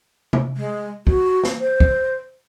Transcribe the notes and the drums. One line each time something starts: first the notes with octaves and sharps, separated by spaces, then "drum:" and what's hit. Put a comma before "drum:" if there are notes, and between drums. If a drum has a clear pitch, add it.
drum: tom
G#3
F#4, drum: kick
drum: snare
C5
drum: kick